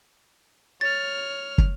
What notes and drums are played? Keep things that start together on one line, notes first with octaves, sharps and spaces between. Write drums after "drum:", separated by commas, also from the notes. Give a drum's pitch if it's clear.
C#5 F6 A6
drum: kick